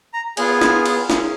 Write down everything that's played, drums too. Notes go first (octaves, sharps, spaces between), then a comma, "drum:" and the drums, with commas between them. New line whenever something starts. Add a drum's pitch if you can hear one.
A#5
B3 F4 G#4 G#5, drum: cymbal
drum: snare
drum: cymbal
C#4 G#4, drum: snare